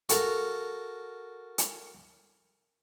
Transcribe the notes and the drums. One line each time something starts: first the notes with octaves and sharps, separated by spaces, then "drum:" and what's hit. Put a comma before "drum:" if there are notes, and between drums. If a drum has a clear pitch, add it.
F#4 A4 A#4 F5, drum: hi-hat
drum: hi-hat